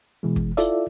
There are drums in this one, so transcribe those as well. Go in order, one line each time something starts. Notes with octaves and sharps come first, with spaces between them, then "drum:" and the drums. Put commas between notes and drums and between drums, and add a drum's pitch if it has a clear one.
B2 E3 G#3
drum: kick
E4 F4 A4 D5 E5, drum: hi-hat